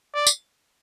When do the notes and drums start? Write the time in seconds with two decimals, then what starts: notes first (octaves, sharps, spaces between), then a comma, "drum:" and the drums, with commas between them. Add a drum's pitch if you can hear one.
0.14 D5
0.27 drum: tambourine